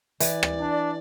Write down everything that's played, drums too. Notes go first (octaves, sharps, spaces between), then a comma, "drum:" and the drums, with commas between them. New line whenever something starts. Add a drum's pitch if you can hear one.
E3 D5, drum: hi-hat
drum: rim click
D4